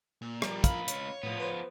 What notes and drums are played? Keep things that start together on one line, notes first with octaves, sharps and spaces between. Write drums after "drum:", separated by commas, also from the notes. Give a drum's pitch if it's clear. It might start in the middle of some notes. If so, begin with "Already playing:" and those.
A#2
F3 G3 A#4, drum: rim click
C#2 F5 B5, drum: kick, hi-hat
C#5, drum: hi-hat
A2 F3 B3
B4 C5